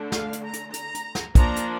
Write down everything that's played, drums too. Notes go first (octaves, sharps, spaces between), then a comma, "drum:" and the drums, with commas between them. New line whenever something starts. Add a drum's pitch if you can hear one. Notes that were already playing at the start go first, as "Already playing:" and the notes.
Already playing: D3 A3 D4
F5, drum: snare
drum: hi-hat
A#5
drum: hi-hat
A#5, drum: hi-hat
drum: hi-hat
drum: snare
F3 A#3 D4 A#5, drum: kick, hi-hat
drum: hi-hat